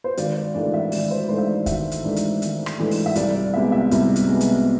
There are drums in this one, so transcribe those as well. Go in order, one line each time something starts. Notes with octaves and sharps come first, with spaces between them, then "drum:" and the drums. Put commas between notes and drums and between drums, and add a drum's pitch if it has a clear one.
C5
G#1 D5, drum: hi-hat
D5
G#2 E3 A3 D4 D5
E5
G#1 D5, drum: open hi-hat
C5
G#2 E3 A3 D4 C5
E5
D5
G#1 E5, drum: kick, hi-hat
drum: hi-hat
G#2 E3 A3 D4
drum: hi-hat
G#1, drum: hi-hat
drum: rim click
G#2 E3 A3 D4
drum: open hi-hat
E5
C2 D5, drum: hi-hat
D5
C3 G#3 B3 E5
E5
C2, drum: hi-hat
drum: hi-hat
C3 G#3 B3
drum: hi-hat